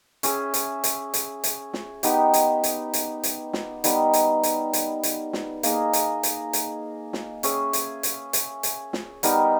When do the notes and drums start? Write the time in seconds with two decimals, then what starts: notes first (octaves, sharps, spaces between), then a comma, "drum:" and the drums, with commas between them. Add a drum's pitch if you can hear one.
0.23 C#4 G#4 C#5 E5, drum: hi-hat
0.54 drum: hi-hat
0.84 drum: hi-hat
1.14 drum: hi-hat
1.44 drum: hi-hat
1.74 drum: snare
2.03 B3 D#4 G4, drum: hi-hat
2.34 drum: hi-hat
2.64 drum: hi-hat
2.93 drum: hi-hat
3.23 drum: hi-hat
3.53 drum: snare
3.84 G3 B3 D#4, drum: hi-hat
4.13 drum: hi-hat
4.43 drum: hi-hat
4.73 drum: hi-hat
5.03 drum: hi-hat
5.33 drum: snare
5.63 A#3 D#4 G#4 D#5, drum: hi-hat
5.93 drum: hi-hat
6.23 drum: hi-hat
6.53 drum: hi-hat
7.13 drum: snare
7.43 C#4 G#4 C#5 E5, drum: hi-hat
7.73 drum: hi-hat
8.03 drum: hi-hat
8.33 drum: hi-hat
8.63 drum: hi-hat
8.93 drum: snare
9.23 G3 B3 D#4 A#4, drum: hi-hat